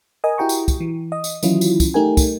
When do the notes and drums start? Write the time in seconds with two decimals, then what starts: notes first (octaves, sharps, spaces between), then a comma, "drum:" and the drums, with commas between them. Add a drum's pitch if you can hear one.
0.24 A#4 D#5 G#5 D#6
0.38 E4 F#4 G4 G5 A#5 C#6
0.49 drum: tambourine
0.68 drum: kick, tambourine
0.81 E3
1.12 D#5 D#6
1.24 drum: tambourine
1.43 D#3 E3 F#3 C#4 E4 F4, drum: tambourine
1.61 drum: tambourine
1.80 drum: kick, tambourine
1.94 A3 D#4 G4 A#4 G5 G#5
2.17 drum: kick, tambourine